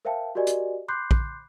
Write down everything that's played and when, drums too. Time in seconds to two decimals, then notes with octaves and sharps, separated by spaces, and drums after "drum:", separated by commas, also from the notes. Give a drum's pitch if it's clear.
0.05 A#4 C5 E5 F5 G5 A5
0.35 F#4 G4 A#4 D5 D#5 G#5
0.47 drum: hi-hat
0.88 B5 C6 D6 F#6 G6 C7
1.11 drum: kick A#1